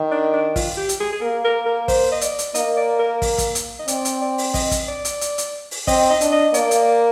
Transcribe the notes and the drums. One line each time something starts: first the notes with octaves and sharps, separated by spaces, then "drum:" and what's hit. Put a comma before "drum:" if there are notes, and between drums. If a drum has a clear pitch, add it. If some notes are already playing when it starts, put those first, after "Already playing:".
Already playing: D#3
D4
D4
F4, drum: kick, open hi-hat
G4
drum: hi-hat
G#4
G#4
A#3 A#4
A#4
A#4
C5, drum: kick, open hi-hat
D#5
D5, drum: hi-hat
drum: hi-hat
A#3 D#5, drum: hi-hat
D5
A#4
drum: kick, open hi-hat
drum: kick, hi-hat
drum: hi-hat
D#5
C4 D5, drum: hi-hat
drum: hi-hat
D5
drum: open hi-hat
D#5, drum: kick, open hi-hat
drum: kick, hi-hat
D5
drum: hi-hat
drum: hi-hat
drum: hi-hat
drum: open hi-hat
C4 D#5, drum: kick, open hi-hat
D#5
D4, drum: hi-hat
D#5
A#3 D5, drum: hi-hat
drum: hi-hat